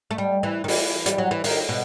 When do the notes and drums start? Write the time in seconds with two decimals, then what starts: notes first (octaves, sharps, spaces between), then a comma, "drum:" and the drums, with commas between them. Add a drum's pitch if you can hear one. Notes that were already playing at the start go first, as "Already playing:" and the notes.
0.11 A3
0.18 G3
0.43 E3
0.64 D#3
0.68 E3, drum: open hi-hat
1.06 G3, drum: hi-hat
1.18 F#3
1.31 E3
1.44 D#3, drum: open hi-hat
1.69 B2